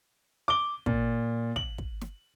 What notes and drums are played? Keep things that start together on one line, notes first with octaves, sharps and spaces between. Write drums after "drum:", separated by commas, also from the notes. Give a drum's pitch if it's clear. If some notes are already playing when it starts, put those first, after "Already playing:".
D6 G7
A#2, drum: kick
F#7, drum: kick
drum: kick
drum: snare